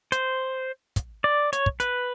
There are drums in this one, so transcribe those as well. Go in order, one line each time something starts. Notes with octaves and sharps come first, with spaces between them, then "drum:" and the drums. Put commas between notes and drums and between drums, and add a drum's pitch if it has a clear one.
C5, drum: hi-hat
drum: kick, hi-hat
D5
C#5, drum: hi-hat
drum: kick
B4, drum: hi-hat